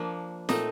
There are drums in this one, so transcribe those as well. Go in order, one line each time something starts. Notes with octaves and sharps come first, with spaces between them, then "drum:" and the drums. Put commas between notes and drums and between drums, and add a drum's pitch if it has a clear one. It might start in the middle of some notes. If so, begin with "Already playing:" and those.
Already playing: F3 A#3 D4
A#2 A3 C4 D#4 D#5, drum: snare